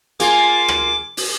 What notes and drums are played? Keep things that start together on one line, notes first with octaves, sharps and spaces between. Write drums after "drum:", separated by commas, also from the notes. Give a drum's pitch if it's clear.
A#3 F4 G#4 G#5 D6, drum: hi-hat
drum: rim click
drum: open hi-hat